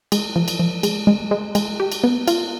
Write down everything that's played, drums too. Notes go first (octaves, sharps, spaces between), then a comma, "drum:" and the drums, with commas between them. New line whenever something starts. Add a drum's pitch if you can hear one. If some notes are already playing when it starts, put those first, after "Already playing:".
G#3, drum: cymbal
F3
drum: cymbal
F3
G#3, drum: cymbal
G#3
G#3
G#3, drum: cymbal
G4
drum: cymbal
B3
F4, drum: cymbal